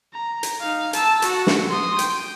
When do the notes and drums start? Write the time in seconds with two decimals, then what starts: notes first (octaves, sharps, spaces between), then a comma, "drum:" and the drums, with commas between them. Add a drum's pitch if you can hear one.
0.13 A#5
0.43 drum: hi-hat
0.60 D#4 F5
0.93 A5 E6, drum: hi-hat
1.22 F#4 F#5, drum: hi-hat
1.47 drum: snare
1.69 C6 D#6
1.99 G5, drum: hi-hat